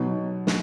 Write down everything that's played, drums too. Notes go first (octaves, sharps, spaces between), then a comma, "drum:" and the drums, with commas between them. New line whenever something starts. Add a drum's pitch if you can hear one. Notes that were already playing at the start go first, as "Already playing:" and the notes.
Already playing: B2 F#3 B3 D#4
drum: snare